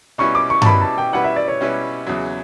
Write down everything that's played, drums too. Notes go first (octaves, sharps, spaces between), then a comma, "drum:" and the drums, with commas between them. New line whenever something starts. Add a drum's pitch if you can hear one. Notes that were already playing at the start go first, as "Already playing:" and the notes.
B2 G3 C#4 E4 B4 C#6
D6
C#6
A5, drum: tom G2
B2 G3 C#4 E4 B4 B5
A5
G5
B2 G3 C#4 E4 B4 F#5
E5
D5
C#5
B2 G3 C#4 E4 B4
E2 C#3 F#3